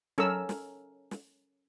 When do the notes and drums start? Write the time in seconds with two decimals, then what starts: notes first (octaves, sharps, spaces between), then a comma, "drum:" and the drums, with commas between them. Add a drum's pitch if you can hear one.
0.18 C#4 A4 A#4 E6, drum: tom F#3
0.49 drum: snare
1.11 drum: snare